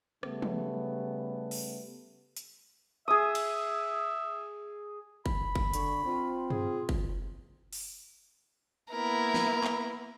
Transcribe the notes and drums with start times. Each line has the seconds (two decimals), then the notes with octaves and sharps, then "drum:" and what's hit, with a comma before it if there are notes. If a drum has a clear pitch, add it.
0.23 C#3 G3 A3 B3, drum: rim click
0.42 drum: tom
1.51 drum: open hi-hat
2.37 drum: hi-hat
3.08 G#4 E5 D#6
3.35 drum: cymbal
5.26 B5, drum: kick
5.55 drum: kick
5.73 D3 C#6, drum: hi-hat
6.05 C4 F4
6.50 G#4, drum: tom
6.89 drum: kick
7.73 drum: open hi-hat
8.91 A#3 B3 E4 A#4
9.34 drum: snare
9.64 drum: clap